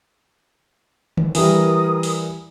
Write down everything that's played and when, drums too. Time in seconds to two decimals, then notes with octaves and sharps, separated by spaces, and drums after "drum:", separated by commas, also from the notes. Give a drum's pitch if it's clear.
1.17 drum: tom D3
1.35 E3 G3 A#4 D#6, drum: open hi-hat
2.03 drum: open hi-hat